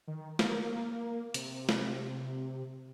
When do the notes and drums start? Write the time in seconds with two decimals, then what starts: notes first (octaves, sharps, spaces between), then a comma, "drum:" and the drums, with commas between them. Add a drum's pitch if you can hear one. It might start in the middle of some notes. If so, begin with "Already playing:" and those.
0.08 D#3
0.39 A#3, drum: snare
1.34 C3, drum: hi-hat
1.69 drum: snare